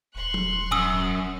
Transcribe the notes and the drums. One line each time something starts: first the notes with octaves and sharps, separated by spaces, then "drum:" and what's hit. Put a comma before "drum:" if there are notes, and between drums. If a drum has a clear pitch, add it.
D#1 C6 C#6 F#6
drum: tom
F#2 G#5 D#6 E6, drum: tom G#2